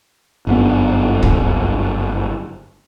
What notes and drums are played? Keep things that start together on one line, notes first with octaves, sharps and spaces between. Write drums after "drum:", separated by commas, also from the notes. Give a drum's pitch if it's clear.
G1 F#2 C#3 B3
drum: kick